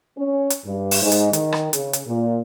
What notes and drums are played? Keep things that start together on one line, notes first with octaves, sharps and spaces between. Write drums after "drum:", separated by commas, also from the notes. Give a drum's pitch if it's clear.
C#4
drum: hi-hat
G2
drum: open hi-hat
G#2
drum: hi-hat
D#3, drum: hi-hat
drum: rim click
C#3, drum: hi-hat
drum: hi-hat
A#2